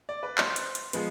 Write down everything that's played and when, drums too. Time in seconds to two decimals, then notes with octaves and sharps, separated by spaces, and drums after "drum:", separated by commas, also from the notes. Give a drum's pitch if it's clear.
0.09 D5
0.23 B4
0.38 C5, drum: clap
0.56 drum: hi-hat
0.75 drum: hi-hat
0.93 F3 G#3 B3, drum: hi-hat